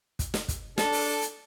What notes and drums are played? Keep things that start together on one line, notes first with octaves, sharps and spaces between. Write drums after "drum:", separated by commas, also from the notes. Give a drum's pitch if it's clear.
drum: kick, hi-hat
drum: snare
drum: kick, hi-hat
D4 A4, drum: snare
drum: open hi-hat
drum: hi-hat